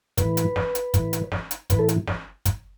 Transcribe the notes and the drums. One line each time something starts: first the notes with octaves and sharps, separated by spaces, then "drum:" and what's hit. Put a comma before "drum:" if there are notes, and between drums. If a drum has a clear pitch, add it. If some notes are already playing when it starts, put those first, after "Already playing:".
A2 E3 B4, drum: kick, hi-hat
drum: hi-hat
drum: snare
drum: hi-hat
A2 E3, drum: kick, hi-hat
drum: hi-hat
drum: snare
drum: hi-hat
A2 E3 B4, drum: kick, hi-hat
A4
drum: hi-hat
drum: snare
drum: kick, hi-hat